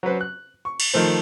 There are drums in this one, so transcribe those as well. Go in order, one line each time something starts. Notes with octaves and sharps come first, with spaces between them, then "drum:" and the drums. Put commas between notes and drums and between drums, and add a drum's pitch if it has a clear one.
F#3 C#4 B4 C5
F#6
C#6
drum: cymbal
D#3 F3 A3 C5